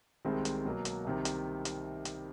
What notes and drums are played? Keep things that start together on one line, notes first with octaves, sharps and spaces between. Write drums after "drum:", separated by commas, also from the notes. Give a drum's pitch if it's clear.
C2 C3 D#3 G#3 C4
drum: hi-hat
B2 F#3 A#3
drum: hi-hat
C2 C3 D#3
drum: hi-hat
drum: hi-hat
drum: hi-hat